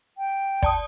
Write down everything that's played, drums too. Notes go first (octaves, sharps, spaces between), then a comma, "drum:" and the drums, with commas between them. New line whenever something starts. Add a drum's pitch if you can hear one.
G5
D5 A5 D#6, drum: kick